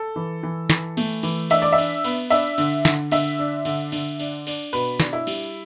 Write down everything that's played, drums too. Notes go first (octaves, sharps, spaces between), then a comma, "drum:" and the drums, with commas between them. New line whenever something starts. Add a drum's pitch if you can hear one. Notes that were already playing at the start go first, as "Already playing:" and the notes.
Already playing: A4
E3
E3
E3, drum: snare
A3, drum: cymbal
E3, drum: cymbal
D4 E5, drum: cymbal
D5
E5
D4, drum: cymbal
B3, drum: cymbal
D4 E5, drum: cymbal
D3, drum: cymbal
D3, drum: snare
D3 E5, drum: cymbal
D4
D3, drum: cymbal
D3, drum: cymbal
D4, drum: cymbal
D4, drum: cymbal
B2 B4, drum: cymbal
D4, drum: snare
E4
G3, drum: cymbal